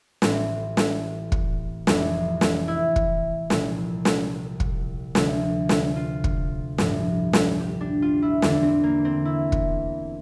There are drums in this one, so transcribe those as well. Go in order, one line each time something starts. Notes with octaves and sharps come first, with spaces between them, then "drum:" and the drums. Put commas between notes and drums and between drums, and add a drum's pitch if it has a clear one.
A1 A2 E3 C4, drum: snare
drum: snare
drum: kick
F1 F2 E3, drum: snare
drum: snare
E4
drum: kick
C2 A#2 F3, drum: snare
drum: snare
drum: kick
D2 C3 F3, drum: snare
drum: snare
F4
drum: kick
A1 G2 F3, drum: snare
drum: snare
G4
D4
F4
E4
E1 E2 D3 D4, drum: snare
C4
A#3
C4
E4
drum: kick